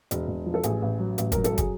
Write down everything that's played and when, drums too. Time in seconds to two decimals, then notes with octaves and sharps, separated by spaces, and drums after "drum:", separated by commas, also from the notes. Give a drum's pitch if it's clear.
0.11 E1, drum: hi-hat
0.28 E1
0.46 F3
0.54 A4
0.63 A1 G#4, drum: hi-hat
0.82 A1
0.99 F#3
1.18 A1, drum: hi-hat
1.32 F#3 A#4, drum: kick, hi-hat
1.44 A4, drum: hi-hat
1.52 F#3
1.58 G#4, drum: kick, hi-hat